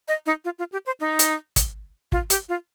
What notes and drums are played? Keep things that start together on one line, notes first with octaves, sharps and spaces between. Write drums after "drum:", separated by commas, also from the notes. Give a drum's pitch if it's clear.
D#5
D#4
F4
F4
G4
C5
D#4
drum: hi-hat
drum: kick, hi-hat
F4, drum: kick
G4, drum: hi-hat
F4